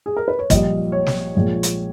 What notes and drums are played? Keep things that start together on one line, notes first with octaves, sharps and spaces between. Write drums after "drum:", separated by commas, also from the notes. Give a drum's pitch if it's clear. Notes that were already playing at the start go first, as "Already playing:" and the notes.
G#4
A#4
B4
C#5
A#1 A#2 G3 D#5, drum: kick, hi-hat
C#5
drum: snare
A#1 A#2 G#3
drum: hi-hat